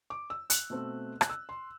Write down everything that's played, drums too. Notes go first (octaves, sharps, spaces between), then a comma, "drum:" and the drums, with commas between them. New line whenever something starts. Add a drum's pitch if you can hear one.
D6
E6
F#6, drum: hi-hat
B2 A3 C4
F#6, drum: rim click
E6
C6